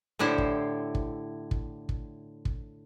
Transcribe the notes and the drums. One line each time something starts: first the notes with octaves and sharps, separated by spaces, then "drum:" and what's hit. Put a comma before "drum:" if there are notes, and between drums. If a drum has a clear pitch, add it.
A2 D3 E4 G4 C5
drum: kick
drum: kick
drum: kick
drum: kick
drum: kick